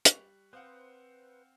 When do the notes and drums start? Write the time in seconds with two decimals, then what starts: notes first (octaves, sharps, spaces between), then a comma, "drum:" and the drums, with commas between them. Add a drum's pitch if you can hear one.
0.05 G3 C#6 F#6, drum: hi-hat
0.53 C4 B4 C5 F5 F#5 D#6